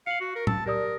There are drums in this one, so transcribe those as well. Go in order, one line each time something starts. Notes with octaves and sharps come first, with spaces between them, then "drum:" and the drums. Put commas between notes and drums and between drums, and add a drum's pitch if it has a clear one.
F5 C#7 F#7
F#4
A#4
A5 E6, drum: tom A2
G4 A#4 D5 D#6